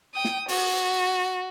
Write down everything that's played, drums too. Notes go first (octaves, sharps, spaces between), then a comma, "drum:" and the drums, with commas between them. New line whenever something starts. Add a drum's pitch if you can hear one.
G5 D#6
drum: snare
F#4, drum: open hi-hat